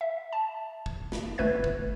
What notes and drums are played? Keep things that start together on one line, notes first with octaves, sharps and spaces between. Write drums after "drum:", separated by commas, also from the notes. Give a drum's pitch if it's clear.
E5
A5
drum: kick
drum: snare
G1 A3 B4 E5 G#6
drum: kick